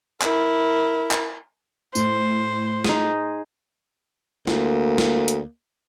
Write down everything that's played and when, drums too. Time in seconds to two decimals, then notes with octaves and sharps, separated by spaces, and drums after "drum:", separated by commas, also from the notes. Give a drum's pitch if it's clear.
0.22 E4 A#4, drum: clap
1.11 drum: clap
1.95 A2 C5, drum: tambourine
2.84 D#4 G#4, drum: snare
4.47 D2 A#3, drum: snare
4.98 drum: snare
5.28 drum: hi-hat